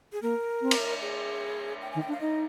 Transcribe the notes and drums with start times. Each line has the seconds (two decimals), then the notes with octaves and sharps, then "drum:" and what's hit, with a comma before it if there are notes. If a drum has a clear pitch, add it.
0.13 G#4
0.22 A#3 A#4
0.62 C4
0.71 drum: cymbal
1.02 G#4
1.82 G5
1.92 D#3 G#5
2.01 G5
2.08 D4
2.12 F5
2.21 D#4 D#5